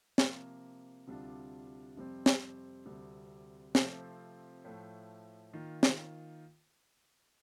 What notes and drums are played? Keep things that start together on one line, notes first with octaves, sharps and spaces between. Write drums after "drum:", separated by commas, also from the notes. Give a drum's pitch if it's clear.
C3 F3 A#3, drum: snare
D2 C3 G3 D4 F4
F2 C3 G3 C4
drum: snare
D2 C3 G3 C4
C3 F3 A3 C4 F4, drum: snare
A2 F3 A3
D#3 A#3 F4
drum: snare